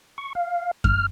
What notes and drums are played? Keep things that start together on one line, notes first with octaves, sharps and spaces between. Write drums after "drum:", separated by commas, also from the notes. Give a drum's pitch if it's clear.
C#6
F5
F6, drum: kick F#2